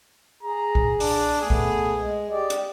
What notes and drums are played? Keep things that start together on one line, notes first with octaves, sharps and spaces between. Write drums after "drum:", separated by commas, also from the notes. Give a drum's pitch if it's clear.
G#4 A#5
drum: kick C2
D4, drum: open hi-hat
A3 B3 G#4
drum: kick C2
G#3
G4 D5 D#5
drum: hi-hat